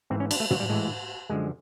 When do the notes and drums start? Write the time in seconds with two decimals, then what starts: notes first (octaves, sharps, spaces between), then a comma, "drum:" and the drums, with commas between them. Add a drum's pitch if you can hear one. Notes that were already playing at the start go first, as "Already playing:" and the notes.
0.10 G#2 E3 C4
0.20 C#4
0.31 D4, drum: cymbal
0.40 A3
0.51 F#3, drum: tom
0.60 G3
0.70 A2 E3 G#3
1.30 F#2 D3 F3 G#3